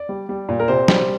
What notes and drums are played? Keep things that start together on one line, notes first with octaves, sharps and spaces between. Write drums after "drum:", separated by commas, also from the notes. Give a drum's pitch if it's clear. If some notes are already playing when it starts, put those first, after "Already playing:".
Already playing: D5
G3
G3
A#2
A#4
C3 C5
G3, drum: snare